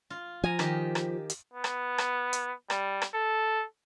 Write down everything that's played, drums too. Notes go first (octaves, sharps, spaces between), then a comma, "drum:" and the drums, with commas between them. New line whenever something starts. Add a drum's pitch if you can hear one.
F4
F3 G#5 A#5
D#3 G4, drum: rim click
drum: rim click
drum: hi-hat
B3
drum: rim click
drum: rim click
drum: hi-hat
G3, drum: rim click
drum: rim click
A4